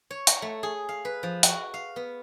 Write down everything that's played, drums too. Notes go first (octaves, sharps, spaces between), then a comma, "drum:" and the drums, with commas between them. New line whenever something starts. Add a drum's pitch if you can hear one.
C#5
A#5, drum: hi-hat
A3
G#4
F5
B4
F3
F#4, drum: hi-hat
F5
B3